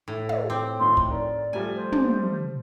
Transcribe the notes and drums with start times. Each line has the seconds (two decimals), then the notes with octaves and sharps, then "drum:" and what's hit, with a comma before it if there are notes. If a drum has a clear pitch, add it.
0.08 A2
0.29 drum: tom
0.50 C4 D6
0.79 A2 D#3 F3 C6
0.97 drum: kick
1.11 A#4 D5
1.53 F3 G3 A3 G#5
1.75 C5
1.92 drum: tom